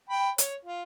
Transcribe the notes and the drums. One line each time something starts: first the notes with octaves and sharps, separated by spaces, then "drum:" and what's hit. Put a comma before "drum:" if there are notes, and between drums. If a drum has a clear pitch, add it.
G5 B5
C#5, drum: hi-hat
F4